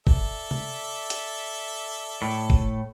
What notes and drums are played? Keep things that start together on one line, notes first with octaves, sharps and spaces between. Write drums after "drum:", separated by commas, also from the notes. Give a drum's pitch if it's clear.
A4 D5 E5, drum: kick
drum: tom C3
drum: hi-hat
A2
drum: kick